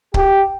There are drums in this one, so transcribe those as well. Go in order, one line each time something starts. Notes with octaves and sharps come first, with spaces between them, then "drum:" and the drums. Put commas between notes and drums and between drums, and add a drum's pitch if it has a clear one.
G4, drum: kick C#1